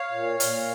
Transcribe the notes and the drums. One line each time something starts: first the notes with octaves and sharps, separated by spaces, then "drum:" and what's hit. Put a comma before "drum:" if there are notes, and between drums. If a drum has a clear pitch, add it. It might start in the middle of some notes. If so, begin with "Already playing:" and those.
Already playing: C#5 F5
A#2
A#2, drum: hi-hat